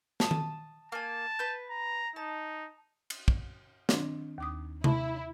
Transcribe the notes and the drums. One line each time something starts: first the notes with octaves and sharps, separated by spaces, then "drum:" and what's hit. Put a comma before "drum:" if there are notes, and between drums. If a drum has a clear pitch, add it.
A5 D#6, drum: snare
drum: tom D#3
A#3 G#5 A5
B4 G6
A#5
D#4 A5
drum: cymbal
drum: kick
D#3 C4 D4, drum: snare
D#2 D6 D#6
E4 A5, drum: tom C3